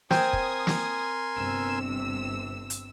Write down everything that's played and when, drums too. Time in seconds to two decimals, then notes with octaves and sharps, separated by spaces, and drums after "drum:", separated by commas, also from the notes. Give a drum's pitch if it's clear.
0.11 C4 A#4 G#5 C6 D#6 G#6, drum: snare
0.33 drum: kick
0.67 drum: snare
1.36 G1 C3 E6
2.70 drum: hi-hat